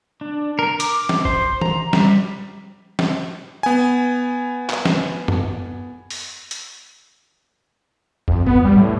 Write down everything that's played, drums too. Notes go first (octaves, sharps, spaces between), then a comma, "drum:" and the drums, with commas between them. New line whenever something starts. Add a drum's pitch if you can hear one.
D4
A#4
D6, drum: hi-hat
drum: snare
C5, drum: kick
A#5, drum: tom D#3
G3, drum: snare
drum: snare
B3 G#5
drum: clap
drum: snare
drum: tom F#2
drum: open hi-hat
drum: hi-hat
F2, drum: kick
B3, drum: kick
G3
A2